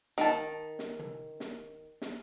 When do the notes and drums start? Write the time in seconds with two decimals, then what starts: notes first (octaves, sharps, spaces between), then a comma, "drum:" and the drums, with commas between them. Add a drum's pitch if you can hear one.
0.18 D#3 A5, drum: snare
0.79 drum: snare
0.99 drum: tom
1.40 drum: snare
2.02 drum: snare